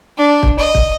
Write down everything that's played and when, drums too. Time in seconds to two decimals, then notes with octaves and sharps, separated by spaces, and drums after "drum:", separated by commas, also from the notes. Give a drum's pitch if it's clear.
0.18 D4
0.43 drum: kick
0.59 D#5
0.75 drum: kick